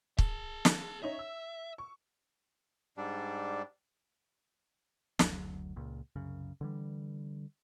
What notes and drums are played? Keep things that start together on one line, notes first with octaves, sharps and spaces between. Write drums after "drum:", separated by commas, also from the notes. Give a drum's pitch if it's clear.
G#4 A5, drum: kick
drum: snare
C#4 D#4 C#5 E5
E6
C#6
G#2 G3 D4
F#1 D2 F#3, drum: snare
C#2 A#2
C2 F#2 C#3
D3 E3 G3